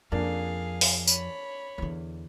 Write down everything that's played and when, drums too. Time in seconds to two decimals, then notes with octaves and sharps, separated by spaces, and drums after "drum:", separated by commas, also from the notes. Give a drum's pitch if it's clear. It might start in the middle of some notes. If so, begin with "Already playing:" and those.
0.12 F2 A#3 C#4 D4 G#4 F5
0.81 drum: open hi-hat
1.07 C#5 B5, drum: tambourine
1.78 E2 D3